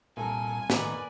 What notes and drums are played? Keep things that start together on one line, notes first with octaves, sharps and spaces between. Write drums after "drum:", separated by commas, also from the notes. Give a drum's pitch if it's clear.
C2 G2 A#2 A4 A#4 G#5
A2 D#3 A#3 A4 B4 D5 B5, drum: snare